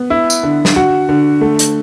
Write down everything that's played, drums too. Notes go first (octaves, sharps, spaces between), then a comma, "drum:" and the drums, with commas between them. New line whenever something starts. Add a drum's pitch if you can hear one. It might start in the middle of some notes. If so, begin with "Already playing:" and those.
Already playing: B3
E4
drum: tambourine
D3
drum: snare
F#4
D3
A3
drum: hi-hat